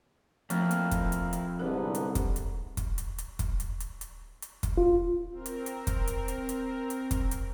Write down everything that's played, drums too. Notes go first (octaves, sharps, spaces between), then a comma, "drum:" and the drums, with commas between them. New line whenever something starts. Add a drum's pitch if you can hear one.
F2 F3 A3 A#3 E4 A#4 F5, drum: hi-hat
drum: hi-hat
drum: kick, hi-hat
drum: hi-hat
drum: hi-hat
C2 G#2 D3 B3 A#4
drum: hi-hat
drum: kick, hi-hat
drum: hi-hat
drum: kick, hi-hat
drum: hi-hat
drum: hi-hat
drum: kick, hi-hat
drum: hi-hat
drum: hi-hat
drum: hi-hat
drum: hi-hat
drum: kick, hi-hat
F4
C4 A#4
drum: hi-hat
drum: hi-hat
drum: kick, hi-hat
drum: hi-hat
drum: hi-hat
drum: hi-hat
drum: hi-hat
drum: kick, hi-hat
drum: hi-hat